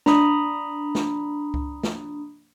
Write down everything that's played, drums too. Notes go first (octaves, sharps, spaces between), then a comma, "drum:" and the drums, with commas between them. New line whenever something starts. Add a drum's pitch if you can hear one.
D4 A#5 B5 D#6, drum: snare
drum: snare
drum: kick C#2
drum: snare